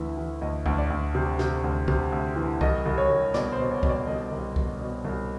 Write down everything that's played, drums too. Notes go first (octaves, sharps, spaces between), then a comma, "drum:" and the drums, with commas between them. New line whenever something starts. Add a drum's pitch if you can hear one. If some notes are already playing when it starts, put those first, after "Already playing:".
Already playing: D2 E3 E5
E3
D2 D#5
D2, drum: kick C2
D5
D2
C3
C3, drum: snare
D2
C3, drum: kick C2
D2
E3
C2 D#5, drum: kick C2
C2
C#5
C2
B2 D5, drum: snare
C5
B2
C#5
B2, drum: kick C2
D5
C2 D#5
C2
B2, drum: kick C2
B2
C2